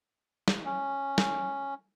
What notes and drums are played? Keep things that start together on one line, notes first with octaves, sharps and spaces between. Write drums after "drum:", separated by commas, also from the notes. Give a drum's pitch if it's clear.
drum: snare
C#4
drum: snare